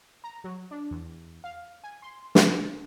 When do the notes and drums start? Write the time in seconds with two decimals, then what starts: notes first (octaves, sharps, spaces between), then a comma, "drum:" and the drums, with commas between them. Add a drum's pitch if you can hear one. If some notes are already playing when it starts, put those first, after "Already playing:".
0.24 A#5
0.44 F#3
0.71 D4
0.91 E2
1.44 F5
1.84 G#5
2.02 C6
2.35 D4, drum: snare